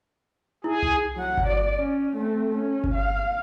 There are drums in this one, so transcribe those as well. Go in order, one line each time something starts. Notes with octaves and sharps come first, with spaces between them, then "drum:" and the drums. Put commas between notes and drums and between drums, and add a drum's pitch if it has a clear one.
E4 G#4
drum: tom C2
F#3 F#5
drum: kick G1
D5
C#4
A3 C4
C#4
drum: kick G1
F5